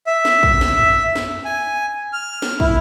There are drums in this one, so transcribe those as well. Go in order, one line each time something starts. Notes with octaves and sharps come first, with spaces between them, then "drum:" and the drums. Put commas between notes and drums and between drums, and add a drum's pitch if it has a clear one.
E5
drum: snare
drum: kick
drum: snare
drum: tom F2
drum: snare
G#5
F6
drum: snare
E4, drum: kick